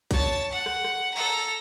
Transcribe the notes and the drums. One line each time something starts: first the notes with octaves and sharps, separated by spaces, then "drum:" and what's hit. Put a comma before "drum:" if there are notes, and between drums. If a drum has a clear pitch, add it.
C#5 A5, drum: kick, hi-hat
F#5
drum: rim click
drum: rim click
A4 A#5